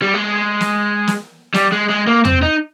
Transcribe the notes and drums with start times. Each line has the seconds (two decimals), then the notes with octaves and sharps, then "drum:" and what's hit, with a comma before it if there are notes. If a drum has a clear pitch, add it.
0.02 G3
0.14 G#3
0.61 drum: snare
1.07 drum: snare
1.54 G3, drum: snare
1.73 G#3
1.90 G#3
2.07 A#3
2.25 C4, drum: tom E2
2.43 D#4